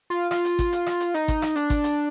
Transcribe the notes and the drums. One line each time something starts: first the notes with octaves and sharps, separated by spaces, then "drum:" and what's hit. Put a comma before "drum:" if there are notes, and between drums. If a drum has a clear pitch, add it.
F4
F4, drum: rim click
drum: hi-hat
drum: kick G#1, hi-hat
drum: hi-hat
drum: rim click
drum: hi-hat
D#4, drum: hi-hat
drum: kick G#1, hi-hat
drum: rim click
D4, drum: hi-hat
drum: kick G#1, hi-hat
drum: hi-hat